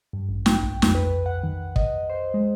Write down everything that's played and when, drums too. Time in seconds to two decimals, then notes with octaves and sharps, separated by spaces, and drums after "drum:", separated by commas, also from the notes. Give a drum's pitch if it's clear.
0.13 G2
0.29 A1
0.46 G5, drum: snare
0.63 B1
0.82 F2, drum: snare
0.95 B4
1.26 F#5
1.44 D#3
1.76 D#5, drum: kick
2.10 C5
2.34 G#3